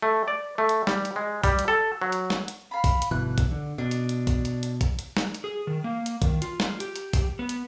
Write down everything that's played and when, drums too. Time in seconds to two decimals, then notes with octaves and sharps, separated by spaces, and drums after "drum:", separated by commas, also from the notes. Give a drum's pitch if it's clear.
0.02 A3
0.28 D5
0.58 A3
0.69 drum: hi-hat
0.87 G3, drum: snare
1.05 drum: hi-hat
1.16 G#3
1.44 G3, drum: kick, open hi-hat
1.59 drum: hi-hat
1.68 A4
2.02 F#3
2.12 drum: hi-hat
2.30 drum: snare
2.48 drum: hi-hat
2.71 F5 B5
2.84 drum: kick, open hi-hat
3.02 drum: hi-hat
3.11 G1 B2 E3 F#6
3.38 drum: kick, hi-hat
3.51 D3
3.78 B2 D4
3.91 drum: hi-hat
4.09 drum: hi-hat
4.27 drum: kick, open hi-hat
4.45 drum: hi-hat
4.63 drum: hi-hat
4.81 drum: kick, hi-hat
4.99 drum: hi-hat
5.17 drum: snare
5.34 drum: hi-hat
5.44 G#4
5.67 D#3
5.84 A#3
6.06 drum: hi-hat
6.22 D#3, drum: kick, hi-hat
6.42 F4, drum: hi-hat
6.60 drum: snare
6.80 G4, drum: hi-hat
6.96 drum: hi-hat
7.13 drum: kick, open hi-hat
7.39 B3
7.49 drum: hi-hat